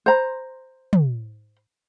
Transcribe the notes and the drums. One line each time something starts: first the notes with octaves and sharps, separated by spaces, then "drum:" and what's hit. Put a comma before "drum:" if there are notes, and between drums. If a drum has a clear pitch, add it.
C5 A#5
drum: tom